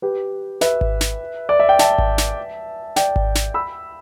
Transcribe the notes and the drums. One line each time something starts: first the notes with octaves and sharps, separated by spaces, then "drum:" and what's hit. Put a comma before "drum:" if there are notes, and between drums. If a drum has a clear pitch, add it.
G4 B4
B4 E5, drum: snare
drum: kick G#1
drum: snare
D5
E5
G5
E5 A5, drum: snare
drum: kick G#1
drum: snare
D5 G5, drum: snare
drum: kick G#1
drum: snare
B5 E6